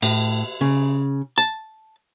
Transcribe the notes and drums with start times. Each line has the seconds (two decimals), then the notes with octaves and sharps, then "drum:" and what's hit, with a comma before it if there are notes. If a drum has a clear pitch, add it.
0.02 A2, drum: cymbal
0.61 C#3
1.38 A5